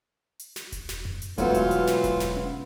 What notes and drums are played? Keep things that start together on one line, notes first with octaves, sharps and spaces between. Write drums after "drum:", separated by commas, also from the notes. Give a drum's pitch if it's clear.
drum: hi-hat
drum: snare
drum: kick E1, hi-hat
drum: snare
drum: tom F2
drum: hi-hat
G#2 B2 E3 F#3 A3 B3 F4 B4, drum: kick E1, hi-hat
drum: hi-hat
drum: hi-hat
drum: snare
drum: kick E1, hi-hat
drum: snare
drum: tom C#4